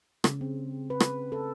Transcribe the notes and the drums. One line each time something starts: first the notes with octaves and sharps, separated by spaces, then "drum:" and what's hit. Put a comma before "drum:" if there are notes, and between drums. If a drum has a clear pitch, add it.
C#3, drum: rim click
C4
B4
drum: rim click
A4